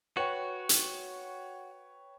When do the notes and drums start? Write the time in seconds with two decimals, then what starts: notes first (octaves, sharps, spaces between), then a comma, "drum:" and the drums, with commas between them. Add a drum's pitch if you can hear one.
0.17 F#4 B4 C#5 G5
0.69 drum: hi-hat